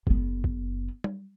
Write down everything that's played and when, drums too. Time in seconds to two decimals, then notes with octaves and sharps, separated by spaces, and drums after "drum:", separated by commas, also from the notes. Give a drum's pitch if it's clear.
0.07 F#1 B3, drum: kick F#1
0.44 drum: kick F#1
1.04 drum: tom